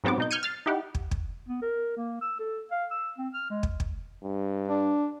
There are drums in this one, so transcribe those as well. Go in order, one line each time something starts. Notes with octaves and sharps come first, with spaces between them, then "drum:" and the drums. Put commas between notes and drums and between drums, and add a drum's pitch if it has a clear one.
G#2 F#3 B3 C4 D6
B2 D#4 G6
F6 G6 G#6 C#7 D#7
F6 A6 C7
D#4 E4 G4 F#5
drum: kick
drum: kick
B3
A#4
A#3
E6
A4
F5
E6
C4
F6
G#3
drum: kick
drum: kick
G2
D4